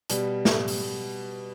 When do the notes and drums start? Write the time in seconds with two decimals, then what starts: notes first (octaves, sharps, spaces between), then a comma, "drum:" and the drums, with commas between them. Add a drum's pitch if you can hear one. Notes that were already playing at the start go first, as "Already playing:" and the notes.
0.10 B2 G3, drum: hi-hat
0.45 drum: snare
0.68 drum: open hi-hat